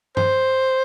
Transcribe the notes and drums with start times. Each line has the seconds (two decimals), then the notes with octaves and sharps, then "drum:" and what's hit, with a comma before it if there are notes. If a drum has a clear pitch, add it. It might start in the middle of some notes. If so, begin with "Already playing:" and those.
0.17 C5, drum: tom G2